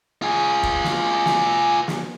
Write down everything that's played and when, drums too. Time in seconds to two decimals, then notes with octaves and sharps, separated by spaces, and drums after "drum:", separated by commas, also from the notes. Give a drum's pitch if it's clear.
0.22 F4 G#4
0.63 drum: kick
0.84 drum: snare
1.26 drum: snare
1.88 drum: snare